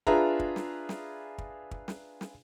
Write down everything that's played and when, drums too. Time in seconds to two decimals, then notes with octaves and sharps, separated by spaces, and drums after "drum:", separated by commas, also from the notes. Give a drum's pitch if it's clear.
0.07 D4 F4 G#4 B4 E5 A#5, drum: kick
0.40 drum: kick
0.56 drum: snare
0.89 drum: snare
1.38 drum: kick
1.71 drum: kick
1.88 drum: snare
2.21 drum: snare